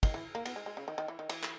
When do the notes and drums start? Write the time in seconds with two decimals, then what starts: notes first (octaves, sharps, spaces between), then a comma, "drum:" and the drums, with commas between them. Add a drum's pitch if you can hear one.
0.03 D#3, drum: kick, cymbal
0.14 E3
0.35 A#3
0.45 B3, drum: cymbal
0.56 G#3
0.66 G#3
0.77 C#3
0.88 D#3
0.98 D#3
1.08 E3
1.19 D#3
1.29 E3, drum: cymbal
1.43 drum: clap